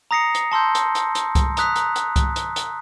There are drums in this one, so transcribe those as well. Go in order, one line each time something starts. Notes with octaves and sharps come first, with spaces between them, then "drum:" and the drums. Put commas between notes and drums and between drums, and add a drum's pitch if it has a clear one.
A#5 D#6 A#6 C7 C#7
drum: hi-hat
A5 C6 E6 G6
drum: hi-hat
drum: hi-hat
drum: hi-hat
drum: kick C2, hi-hat
A#5 D#6 F#6 B6, drum: hi-hat
A#5, drum: hi-hat
drum: hi-hat
drum: kick C2, hi-hat
drum: hi-hat
drum: hi-hat